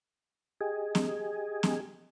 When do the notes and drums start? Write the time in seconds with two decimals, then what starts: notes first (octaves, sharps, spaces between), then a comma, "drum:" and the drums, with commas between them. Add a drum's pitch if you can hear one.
0.61 G4 G#4 D#5 G#5
0.95 drum: snare
1.63 drum: snare